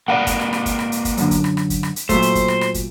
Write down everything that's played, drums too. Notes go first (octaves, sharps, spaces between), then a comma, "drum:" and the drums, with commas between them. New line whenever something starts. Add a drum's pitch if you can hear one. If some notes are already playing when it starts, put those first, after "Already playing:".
A#3 F#4 B4 D5 F5 F#5
drum: kick, hi-hat
drum: rim click
drum: rim click
drum: kick, hi-hat
drum: rim click
drum: hi-hat
drum: kick, hi-hat
F#2 D3, drum: hi-hat
drum: kick, hi-hat
drum: rim click
drum: rim click
drum: kick, hi-hat
drum: rim click
drum: hi-hat
A#2 F#3 A3 C5, drum: kick, hi-hat
drum: hi-hat
drum: kick, hi-hat
drum: rim click
drum: rim click
drum: kick, hi-hat